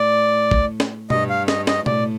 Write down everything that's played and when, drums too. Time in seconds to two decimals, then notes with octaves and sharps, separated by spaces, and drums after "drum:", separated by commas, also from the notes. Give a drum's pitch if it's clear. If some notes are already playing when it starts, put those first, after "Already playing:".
Already playing: A2 D5
0.51 drum: kick
0.80 drum: snare
1.10 G2 D#5, drum: tom B2
1.30 F5
1.48 D#5, drum: snare
1.67 D#5, drum: snare
1.86 A2 D5, drum: tom B2